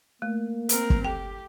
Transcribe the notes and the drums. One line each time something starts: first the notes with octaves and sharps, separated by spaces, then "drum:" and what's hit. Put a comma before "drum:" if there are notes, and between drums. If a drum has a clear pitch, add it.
A3 A#3
C4 A#4, drum: hi-hat
drum: kick
G4 A4 G5